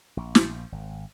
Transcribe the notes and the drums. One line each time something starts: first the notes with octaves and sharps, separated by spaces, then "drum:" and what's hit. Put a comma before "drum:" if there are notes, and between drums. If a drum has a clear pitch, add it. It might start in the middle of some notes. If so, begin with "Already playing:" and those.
A#1
drum: snare
G#1